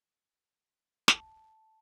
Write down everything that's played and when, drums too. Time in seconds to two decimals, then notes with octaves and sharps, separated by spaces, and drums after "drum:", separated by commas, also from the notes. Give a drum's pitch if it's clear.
1.08 A5, drum: snare